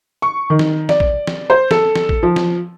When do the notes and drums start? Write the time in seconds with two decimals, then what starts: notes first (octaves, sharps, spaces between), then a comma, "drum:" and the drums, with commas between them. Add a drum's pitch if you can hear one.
0.22 C#6
0.50 D#3
0.59 drum: snare
0.89 D5, drum: snare
1.00 drum: kick A#1
1.27 drum: snare
1.50 C5
1.71 A4, drum: snare
1.96 drum: snare
2.09 drum: kick A#1
2.23 F3
2.36 drum: snare